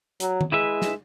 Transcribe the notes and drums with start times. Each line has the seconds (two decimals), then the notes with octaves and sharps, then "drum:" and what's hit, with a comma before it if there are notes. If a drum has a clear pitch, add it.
0.20 F#3, drum: hi-hat
0.41 drum: tom D#3
0.52 G#3 E4 B4 E5
0.82 drum: snare